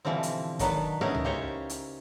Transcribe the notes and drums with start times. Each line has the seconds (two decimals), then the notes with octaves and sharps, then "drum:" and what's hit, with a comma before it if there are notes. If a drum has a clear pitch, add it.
0.05 B2 D3 E3 F3 G3 C4
0.23 drum: hi-hat
0.59 D#3 F#3 B3 D4 B4, drum: kick, hi-hat
1.01 B3 C#4 D#4 E4 G#4 A#4
1.15 drum: tom C#2
1.24 C#3 G4 C5 C#5 G5 A#5
1.70 drum: hi-hat